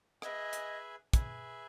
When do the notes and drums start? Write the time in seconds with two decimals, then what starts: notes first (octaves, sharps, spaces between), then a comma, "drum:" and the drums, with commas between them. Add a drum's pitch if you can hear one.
0.22 G#4 B4 D#5 E5 G#5, drum: rim click
0.53 drum: hi-hat
1.13 G#4 B4 E5 G#5, drum: kick, hi-hat